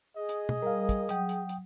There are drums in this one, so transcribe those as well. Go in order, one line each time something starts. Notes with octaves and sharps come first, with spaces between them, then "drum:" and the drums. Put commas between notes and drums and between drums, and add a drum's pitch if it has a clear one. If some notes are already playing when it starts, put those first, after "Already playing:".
G#4 D#5
drum: hi-hat
drum: tom B2
G3 A#4 F5
drum: kick, hi-hat
F#3 F#5 G5 D#6, drum: hi-hat
drum: hi-hat
drum: hi-hat